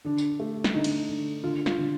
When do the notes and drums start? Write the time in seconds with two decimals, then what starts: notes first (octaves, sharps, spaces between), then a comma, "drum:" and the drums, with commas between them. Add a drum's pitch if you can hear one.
0.05 D3 D4
0.18 drum: tambourine
0.40 A3
0.64 drum: snare
0.74 D3 D#4
0.84 drum: cymbal
1.09 D3
1.43 D3 F4
1.66 F4, drum: snare
1.78 D3